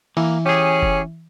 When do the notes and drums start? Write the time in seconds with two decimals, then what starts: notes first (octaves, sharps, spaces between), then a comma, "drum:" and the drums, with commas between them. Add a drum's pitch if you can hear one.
0.17 E3 A#3, drum: open hi-hat
0.46 C#4 G4 G#4
0.83 drum: kick F1